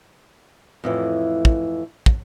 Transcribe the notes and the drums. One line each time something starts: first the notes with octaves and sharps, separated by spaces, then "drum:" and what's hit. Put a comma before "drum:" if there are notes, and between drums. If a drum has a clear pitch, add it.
F2 A2 E3
drum: kick
drum: kick